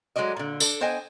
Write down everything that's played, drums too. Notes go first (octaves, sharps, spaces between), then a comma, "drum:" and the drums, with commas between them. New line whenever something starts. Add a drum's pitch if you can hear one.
F#3 G#3 A3 D5 D#5
A#2 D3
D4 A4, drum: tambourine
B3 C5 D#5 G5 G#5